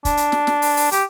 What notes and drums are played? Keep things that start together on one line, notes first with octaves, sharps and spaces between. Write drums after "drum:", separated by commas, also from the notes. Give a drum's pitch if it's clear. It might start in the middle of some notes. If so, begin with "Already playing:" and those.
D4, drum: kick, hi-hat
drum: hi-hat
drum: snare
drum: snare
drum: open hi-hat
drum: open hi-hat
G4, drum: hi-hat